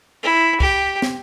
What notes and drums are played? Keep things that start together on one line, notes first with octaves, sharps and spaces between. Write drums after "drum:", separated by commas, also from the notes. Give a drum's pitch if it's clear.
E4
G4, drum: kick
drum: snare